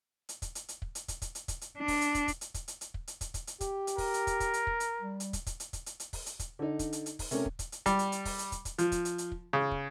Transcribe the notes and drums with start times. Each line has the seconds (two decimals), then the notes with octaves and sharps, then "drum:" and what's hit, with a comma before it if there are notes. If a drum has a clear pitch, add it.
0.29 drum: hi-hat
0.42 drum: kick, hi-hat
0.55 drum: hi-hat
0.69 drum: hi-hat
0.82 drum: kick
0.95 drum: hi-hat
1.08 drum: kick, hi-hat
1.22 drum: kick, hi-hat
1.35 drum: hi-hat
1.48 drum: kick, hi-hat
1.61 drum: hi-hat
1.78 D4
1.88 drum: kick, open hi-hat
2.01 drum: hi-hat
2.15 drum: kick, hi-hat
2.28 drum: kick, hi-hat
2.41 drum: hi-hat
2.54 drum: kick, hi-hat
2.68 drum: hi-hat
2.81 drum: hi-hat
2.94 drum: kick
3.08 drum: hi-hat
3.21 drum: kick, hi-hat
3.34 drum: kick, hi-hat
3.47 drum: hi-hat
3.61 G4, drum: kick, hi-hat
3.87 drum: hi-hat
3.98 A#4, drum: kick, open hi-hat
4.14 drum: hi-hat
4.27 drum: kick, hi-hat
4.40 drum: kick, hi-hat
4.54 drum: hi-hat
4.67 drum: kick
4.80 drum: hi-hat
5.01 G3
5.20 drum: hi-hat
5.33 drum: kick, hi-hat
5.47 drum: kick, hi-hat
5.60 drum: hi-hat
5.73 drum: kick, hi-hat
5.86 drum: hi-hat
6.00 drum: hi-hat
6.13 drum: kick, open hi-hat
6.26 drum: hi-hat
6.39 drum: kick, hi-hat
6.59 D3 D#4
6.79 drum: kick, hi-hat
6.93 drum: hi-hat
7.06 drum: hi-hat
7.19 drum: kick, open hi-hat
7.31 C3 A3 C#4 A#4 C#5, drum: hi-hat
7.46 drum: kick
7.59 drum: kick, hi-hat
7.72 drum: hi-hat
7.86 G3, drum: kick, hi-hat
7.99 drum: hi-hat
8.12 drum: hi-hat
8.25 drum: kick, open hi-hat
8.39 drum: hi-hat
8.52 drum: kick, hi-hat
8.65 drum: kick, hi-hat
8.78 F3, drum: hi-hat
8.92 drum: kick, hi-hat
9.05 drum: hi-hat
9.18 drum: hi-hat
9.32 drum: kick
9.53 C#3
9.71 drum: kick